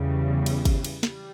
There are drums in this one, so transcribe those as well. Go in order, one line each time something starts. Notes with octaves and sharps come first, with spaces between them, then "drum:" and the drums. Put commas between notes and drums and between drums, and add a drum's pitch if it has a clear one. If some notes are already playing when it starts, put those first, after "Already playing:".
Already playing: E2 C#3 E3 G3
drum: cymbal
drum: kick, cymbal
drum: cymbal
G3, drum: snare